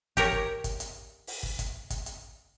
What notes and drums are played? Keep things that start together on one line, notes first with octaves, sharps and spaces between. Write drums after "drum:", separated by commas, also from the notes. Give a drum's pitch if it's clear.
G4 A#4 C#5, drum: kick, hi-hat
drum: kick
drum: kick, hi-hat
drum: hi-hat
drum: open hi-hat
drum: kick
drum: kick, hi-hat
drum: kick, hi-hat
drum: hi-hat